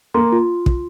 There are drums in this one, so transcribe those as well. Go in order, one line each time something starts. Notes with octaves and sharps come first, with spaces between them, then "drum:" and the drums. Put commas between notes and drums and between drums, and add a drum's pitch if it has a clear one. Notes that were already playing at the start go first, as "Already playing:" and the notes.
A#3 C6
F4
drum: kick